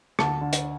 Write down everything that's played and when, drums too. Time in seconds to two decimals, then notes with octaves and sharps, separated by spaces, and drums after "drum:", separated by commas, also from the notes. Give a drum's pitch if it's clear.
0.19 D2 A5, drum: rim click
0.41 D3
0.53 drum: hi-hat